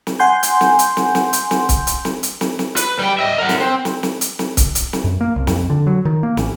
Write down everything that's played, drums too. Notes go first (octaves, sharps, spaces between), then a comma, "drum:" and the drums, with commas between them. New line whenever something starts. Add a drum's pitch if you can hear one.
drum: snare
F#5 G#5 C6 G6
drum: hi-hat
drum: snare
drum: hi-hat
drum: snare
drum: snare
drum: hi-hat
drum: snare
drum: kick, hi-hat
drum: hi-hat
drum: snare
drum: hi-hat
drum: snare
drum: snare
B4, drum: hi-hat
G3 G5
D#5 E5
A#4 F#5
drum: snare
C4
drum: snare
drum: snare
drum: hi-hat
drum: snare
drum: kick, hi-hat
drum: hi-hat
drum: snare
F#2
A#3
C2
F2, drum: snare
D3
F#3
D#3
A#3
A1, drum: snare